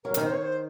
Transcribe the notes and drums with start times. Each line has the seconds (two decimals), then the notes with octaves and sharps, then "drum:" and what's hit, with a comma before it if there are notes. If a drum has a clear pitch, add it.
0.04 F#3 A#4
0.14 D#3 A#4, drum: hi-hat
0.23 C5
0.29 D#3 C#5
0.41 C5